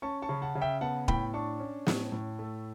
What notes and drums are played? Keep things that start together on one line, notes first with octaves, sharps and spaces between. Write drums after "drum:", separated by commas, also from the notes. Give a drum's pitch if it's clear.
C#4 A5 C#6
A5 C#6
C#3
F#5 A5
C#3
E5 G5
B3 F#5 A5
A2 G5 B5, drum: kick D#1
D4 A5 C#6
C#4
A2, drum: snare
A2
A3